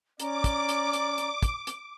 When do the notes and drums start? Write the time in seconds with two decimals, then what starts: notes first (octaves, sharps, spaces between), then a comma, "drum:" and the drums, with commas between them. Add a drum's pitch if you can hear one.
0.20 C#4 D5 A#5 D6, drum: hi-hat
0.44 drum: kick, hi-hat
0.69 drum: hi-hat
0.93 drum: hi-hat
1.18 drum: hi-hat
1.43 drum: kick, hi-hat
1.67 drum: hi-hat